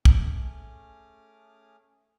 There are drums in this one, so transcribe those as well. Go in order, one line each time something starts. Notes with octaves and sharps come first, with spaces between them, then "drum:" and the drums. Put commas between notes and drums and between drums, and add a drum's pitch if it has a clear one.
A3 C#4 G#4 D6 D#6 F6, drum: kick